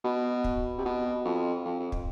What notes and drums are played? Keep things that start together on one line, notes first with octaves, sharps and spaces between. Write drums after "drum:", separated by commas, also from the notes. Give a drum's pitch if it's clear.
B2
drum: kick
C3
B2
F2
F2
F2
drum: kick